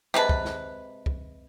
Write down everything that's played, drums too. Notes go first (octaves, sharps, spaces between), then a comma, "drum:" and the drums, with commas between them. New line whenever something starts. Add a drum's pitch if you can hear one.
C3 G#3 B4 A5, drum: snare
drum: kick
drum: snare
drum: kick